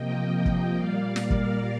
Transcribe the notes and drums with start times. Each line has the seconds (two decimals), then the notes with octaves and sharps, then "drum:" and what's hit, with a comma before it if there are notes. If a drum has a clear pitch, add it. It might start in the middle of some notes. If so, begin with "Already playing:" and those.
Already playing: C3 F3 A#3 D#5 G5
0.46 drum: kick
0.73 A#2 G3 A#3 D5 F5
1.16 A#4 D5, drum: snare
1.30 drum: kick